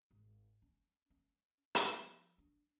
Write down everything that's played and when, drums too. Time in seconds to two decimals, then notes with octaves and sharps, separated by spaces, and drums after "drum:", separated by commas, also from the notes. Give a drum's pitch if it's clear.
0.11 G#1
0.62 C#4
1.10 C#4
1.75 F3, drum: hi-hat
2.38 D4